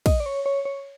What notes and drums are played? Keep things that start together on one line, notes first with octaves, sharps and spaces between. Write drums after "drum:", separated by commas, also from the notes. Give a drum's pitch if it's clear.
D#5, drum: kick, cymbal
D5
C#5
C#5
C#5